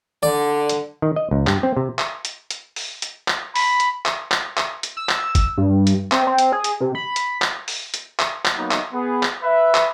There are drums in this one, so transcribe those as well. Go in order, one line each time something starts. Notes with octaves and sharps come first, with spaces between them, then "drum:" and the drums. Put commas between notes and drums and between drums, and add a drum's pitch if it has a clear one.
D3 D5
drum: hi-hat
D#3
D#5
C#2
G2, drum: clap
C4
C3
drum: clap
drum: hi-hat
drum: hi-hat
drum: open hi-hat
drum: hi-hat
drum: clap
B5, drum: open hi-hat
drum: hi-hat
drum: clap
drum: clap
drum: clap
drum: hi-hat
E6
drum: clap
drum: kick F#1, hi-hat
G2
drum: hi-hat
C4, drum: clap
C4
drum: hi-hat
G#4
drum: hi-hat
C3
B5
drum: hi-hat
drum: clap
drum: open hi-hat
drum: hi-hat
drum: clap
drum: clap
F#3 A#3 B3 D#4
drum: clap
B3 G#4
drum: clap
B4 E5
drum: clap